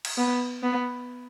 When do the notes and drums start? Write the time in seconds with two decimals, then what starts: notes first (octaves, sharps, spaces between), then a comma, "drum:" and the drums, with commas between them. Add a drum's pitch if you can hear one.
0.05 drum: cymbal
0.18 B3
0.63 B3